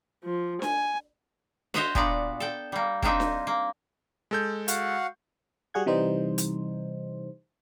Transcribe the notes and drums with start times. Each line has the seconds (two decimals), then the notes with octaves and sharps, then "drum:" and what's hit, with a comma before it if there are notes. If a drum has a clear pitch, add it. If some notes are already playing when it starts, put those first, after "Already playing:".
0.24 F3
0.62 G#5, drum: snare D4
1.74 F#4 C5 C#5 D#5 E5 F#5, drum: snare D4
1.95 A#2 B3 D4 D5, drum: kick
2.40 A4 G5
2.72 G3 A#3
3.02 A#3 C4 D4 D#4 E5, drum: kick
3.20 drum: snare D4
3.47 A#3
4.31 G#3 A4 G6
4.68 F#4 F5 F#5, drum: hi-hat
5.74 G3 F#4 G#4 F#5 G#6
5.86 C3 E3 G3 D#4 C5
6.38 drum: hi-hat